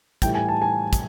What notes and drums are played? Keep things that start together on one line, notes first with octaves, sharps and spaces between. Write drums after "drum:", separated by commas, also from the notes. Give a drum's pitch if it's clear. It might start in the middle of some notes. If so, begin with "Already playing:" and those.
A2 E3 G3 G5, drum: kick, hi-hat
G#5
A5
G#5
drum: kick, hi-hat